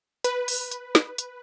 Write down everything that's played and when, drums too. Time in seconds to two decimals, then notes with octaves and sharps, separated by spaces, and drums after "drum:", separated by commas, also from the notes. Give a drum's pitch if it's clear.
0.24 B4, drum: hi-hat
0.48 drum: open hi-hat
0.71 drum: hi-hat
0.95 drum: snare
1.18 drum: hi-hat